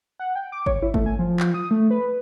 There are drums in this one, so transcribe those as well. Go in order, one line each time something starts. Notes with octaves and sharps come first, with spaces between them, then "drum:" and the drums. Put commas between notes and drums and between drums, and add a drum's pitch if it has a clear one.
F#5
G5
D6
C#5, drum: kick G1
E4
A3, drum: kick G1
G#5
F3
drum: clap
D#6
A3
B4